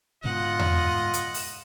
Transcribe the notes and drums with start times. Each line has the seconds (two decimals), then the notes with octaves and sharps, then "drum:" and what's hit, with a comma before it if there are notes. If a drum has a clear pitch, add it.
0.24 G#2 B2 D3 F4 D#5 F#5
0.59 drum: tom E2
1.13 drum: hi-hat
1.34 drum: open hi-hat